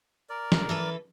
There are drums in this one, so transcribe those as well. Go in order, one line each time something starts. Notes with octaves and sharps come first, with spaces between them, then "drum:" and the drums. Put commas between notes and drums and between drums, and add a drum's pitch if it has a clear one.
A#4 D5
drum: snare
E3 A4 B4